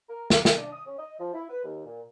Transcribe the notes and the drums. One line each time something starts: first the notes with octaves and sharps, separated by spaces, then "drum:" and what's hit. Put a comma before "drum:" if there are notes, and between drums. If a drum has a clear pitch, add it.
A#4
A#3, drum: snare
D#5, drum: snare
D4
D#6
C#4
D#5
F3
E4
B4
D#2
A#2